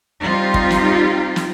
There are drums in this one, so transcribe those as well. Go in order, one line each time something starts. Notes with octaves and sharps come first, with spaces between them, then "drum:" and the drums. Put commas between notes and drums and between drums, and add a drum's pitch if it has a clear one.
G3 C4 D#4 F4 G4
drum: kick
drum: snare
drum: snare